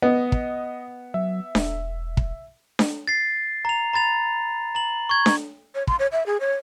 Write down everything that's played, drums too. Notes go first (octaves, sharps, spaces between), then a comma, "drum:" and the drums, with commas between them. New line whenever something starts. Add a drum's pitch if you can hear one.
B3 D#5
drum: kick
F#3 E5
E1, drum: snare D4
drum: kick
drum: snare D4
A6 C7
A#5 F7
A#5 B5 A6 F7
A#5 F#7
C#6 G#6
drum: snare D4
C#5
C6, drum: kick
C#5
E5
G#4
C#5